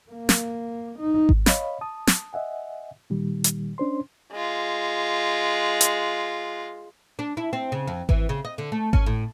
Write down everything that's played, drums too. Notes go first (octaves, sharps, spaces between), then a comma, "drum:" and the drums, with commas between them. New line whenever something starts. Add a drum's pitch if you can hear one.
A#3
drum: snare
D#4
drum: kick G#1
C#5 D#5 F5 B5, drum: snare
A5 D#6
drum: snare
D#5 E5 F#5 G#5
A#2 D#3 G3
drum: hi-hat
C#4 D4 C5 C6
G#3 F4
drum: hi-hat
D4
E4
C4
C#3
F2
E3, drum: kick G#1
C#3
D#5
D3
A3
C#4, drum: kick G#1
A2